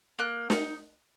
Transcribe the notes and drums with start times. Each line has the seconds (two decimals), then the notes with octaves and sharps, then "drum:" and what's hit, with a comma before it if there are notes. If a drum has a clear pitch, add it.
0.19 A#3 F#6
0.50 D#4, drum: snare